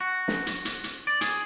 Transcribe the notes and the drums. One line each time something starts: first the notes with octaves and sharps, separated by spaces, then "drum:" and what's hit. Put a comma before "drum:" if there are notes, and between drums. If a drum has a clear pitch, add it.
F#4
drum: snare
drum: hi-hat
drum: hi-hat
drum: hi-hat
D5
G#4, drum: hi-hat